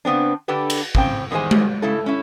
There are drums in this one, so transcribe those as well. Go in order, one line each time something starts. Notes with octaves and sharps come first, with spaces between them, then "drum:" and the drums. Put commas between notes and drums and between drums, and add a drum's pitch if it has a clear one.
C#3 B3 C4 D4
D3 D4 G4 A4 B4
drum: cymbal
A2 C#3 C4 D4 G5, drum: kick
E2 D#3 G3 G#3 C5 G#5
drum: tom G#3
C#3 E4 A4
C#4 E4